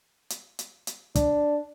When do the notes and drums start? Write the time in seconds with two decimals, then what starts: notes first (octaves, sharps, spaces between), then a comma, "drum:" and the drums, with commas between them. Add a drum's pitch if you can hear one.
0.30 drum: hi-hat
0.59 drum: hi-hat
0.87 drum: hi-hat
1.15 D4, drum: kick, hi-hat